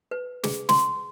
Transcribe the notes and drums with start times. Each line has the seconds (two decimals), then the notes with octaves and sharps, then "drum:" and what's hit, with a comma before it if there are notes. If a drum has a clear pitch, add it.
0.11 B4
0.44 G#4, drum: snare
0.69 C6, drum: snare